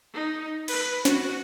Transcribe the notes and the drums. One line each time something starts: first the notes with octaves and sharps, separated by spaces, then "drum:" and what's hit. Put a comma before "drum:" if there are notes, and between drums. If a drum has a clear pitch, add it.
D#4
B4, drum: cymbal
F#4, drum: snare